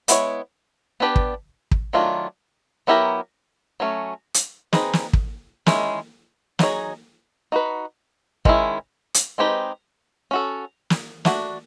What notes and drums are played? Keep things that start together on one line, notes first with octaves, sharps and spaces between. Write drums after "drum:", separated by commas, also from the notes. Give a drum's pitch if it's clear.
G#3 B3 E4 G#4 C#5, drum: hi-hat
B3 D4 G4 B4 D5
drum: kick
drum: kick
D#3 F#3 A3 D4 F4
F#3 B3 E4 G4 A#4
F#3 A3 C#4
drum: hi-hat
C4 D#4 G#4 B4 D#5, drum: snare
drum: snare
drum: kick
D#3 G#3 C#4 E4, drum: snare
F#3 B3 D#4 G#4 C#5, drum: snare
D#4 F#4 B4
D#3 G#3 C#4 E4, drum: kick
drum: hi-hat
G#3 C4 D#4 G4 B4
C#4 F#4 A4
drum: snare
A3 D4 F#4, drum: snare